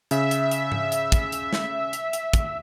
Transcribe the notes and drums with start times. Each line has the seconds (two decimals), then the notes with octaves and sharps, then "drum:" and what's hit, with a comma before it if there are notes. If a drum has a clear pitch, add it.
0.11 C#3 E5, drum: hi-hat
0.31 drum: hi-hat
0.51 drum: hi-hat
0.72 drum: tom G#2
0.92 drum: hi-hat
1.12 drum: kick, hi-hat
1.32 drum: hi-hat
1.53 drum: snare
1.93 drum: hi-hat
2.13 drum: hi-hat
2.33 drum: kick, hi-hat